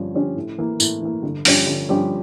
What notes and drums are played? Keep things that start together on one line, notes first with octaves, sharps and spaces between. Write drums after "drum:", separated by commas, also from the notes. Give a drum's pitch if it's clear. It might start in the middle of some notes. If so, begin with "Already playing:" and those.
Already playing: G2 D3 F3 C#4 G4
D3 F3 C#4 G4
A2
E3 A#3
A2, drum: tambourine
E3 A#3
G1
G2 F3 C#4 G4, drum: open hi-hat
G1
G2 F3 C#4 G4